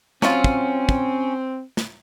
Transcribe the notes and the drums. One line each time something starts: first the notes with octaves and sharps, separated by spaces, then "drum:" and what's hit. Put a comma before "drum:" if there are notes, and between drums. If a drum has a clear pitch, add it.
F#3 C4 C#4 F4, drum: snare
drum: kick
drum: kick
drum: snare